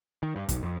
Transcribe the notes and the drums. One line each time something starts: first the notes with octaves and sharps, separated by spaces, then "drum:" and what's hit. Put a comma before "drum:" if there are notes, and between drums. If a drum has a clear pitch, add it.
D#3
G2
B1, drum: kick, hi-hat
F2